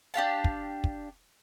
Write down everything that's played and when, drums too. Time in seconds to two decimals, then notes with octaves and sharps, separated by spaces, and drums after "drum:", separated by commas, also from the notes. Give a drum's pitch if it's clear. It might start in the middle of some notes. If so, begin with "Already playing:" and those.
0.14 D4 G4 F5 A5
0.44 drum: kick
0.84 drum: kick